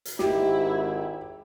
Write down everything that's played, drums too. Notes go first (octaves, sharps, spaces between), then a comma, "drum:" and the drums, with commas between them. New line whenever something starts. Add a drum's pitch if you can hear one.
drum: hi-hat
G#1 G#2 E4 G4, drum: snare